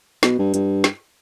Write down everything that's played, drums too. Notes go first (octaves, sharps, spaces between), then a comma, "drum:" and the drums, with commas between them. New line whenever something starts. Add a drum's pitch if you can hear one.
B2, drum: snare
G2
G2, drum: hi-hat
drum: snare